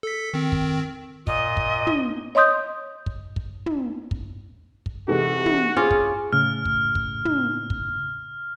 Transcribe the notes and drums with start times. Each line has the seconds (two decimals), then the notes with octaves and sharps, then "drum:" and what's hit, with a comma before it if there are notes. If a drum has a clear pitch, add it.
0.03 A4 B6
0.34 D#3 C4
0.52 drum: kick
1.27 A#2 D#5, drum: kick
1.57 drum: kick
1.87 drum: tom
2.35 C#5 D#5 C6 D#6 G6
3.06 drum: kick
3.36 drum: kick
3.66 drum: tom
4.11 drum: kick
4.86 drum: kick
5.08 C3 E3 G#3 F#4 A4
5.46 drum: tom
5.76 C#4 F4 G#4 D6
5.91 drum: kick
6.33 A2 C#3 F6
6.65 drum: kick
6.95 drum: kick
7.25 drum: tom
7.70 drum: kick